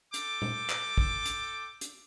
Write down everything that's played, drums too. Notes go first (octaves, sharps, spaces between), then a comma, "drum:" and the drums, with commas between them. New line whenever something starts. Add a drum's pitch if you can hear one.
A4 G5 D6, drum: hi-hat
drum: tom A#2
drum: clap
drum: kick
drum: hi-hat
drum: hi-hat